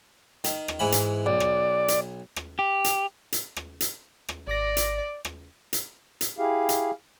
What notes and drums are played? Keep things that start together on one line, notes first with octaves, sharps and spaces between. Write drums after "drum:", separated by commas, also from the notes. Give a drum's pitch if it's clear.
D#3, drum: hi-hat
drum: rim click
G#2 E3 B5
drum: hi-hat
B1 D5
drum: rim click
drum: hi-hat
drum: rim click
G4
drum: hi-hat
drum: hi-hat
drum: rim click
drum: hi-hat
drum: rim click
G#1 D5 D6 A#6
drum: hi-hat
drum: rim click
drum: hi-hat
drum: hi-hat
E4 G4 G#4 F5
drum: hi-hat